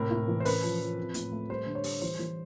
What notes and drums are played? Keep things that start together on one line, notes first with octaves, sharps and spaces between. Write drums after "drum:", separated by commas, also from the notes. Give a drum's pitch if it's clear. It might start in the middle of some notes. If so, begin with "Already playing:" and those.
Already playing: A2 C3 A#4
A2
E3
C5
C#4 B4, drum: open hi-hat
F3
F3
C4
A2, drum: hi-hat
A3
G3 C5
D3
C#5
G3, drum: open hi-hat
E3 C5
E3